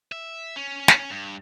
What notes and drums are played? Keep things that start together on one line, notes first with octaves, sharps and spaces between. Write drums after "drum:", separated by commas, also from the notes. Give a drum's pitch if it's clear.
E5
C#4
drum: snare
G2